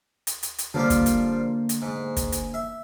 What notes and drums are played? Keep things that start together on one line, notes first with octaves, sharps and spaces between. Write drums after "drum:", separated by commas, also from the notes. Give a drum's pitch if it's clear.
drum: hi-hat
drum: hi-hat
drum: hi-hat
D3 F3 G3 A#3 F4
drum: kick, hi-hat
drum: hi-hat
drum: hi-hat
G#2
drum: kick, hi-hat
drum: hi-hat
E5